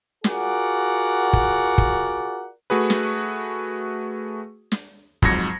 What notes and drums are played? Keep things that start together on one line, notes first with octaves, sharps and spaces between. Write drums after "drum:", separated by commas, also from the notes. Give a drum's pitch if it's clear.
F4 F#4 G#4 A#4 D5 F#5, drum: snare
drum: kick
drum: kick
A3 F#4 G#4 B4
drum: snare
drum: snare
F2 G#2 F#3 G#6 A#6 C#7, drum: kick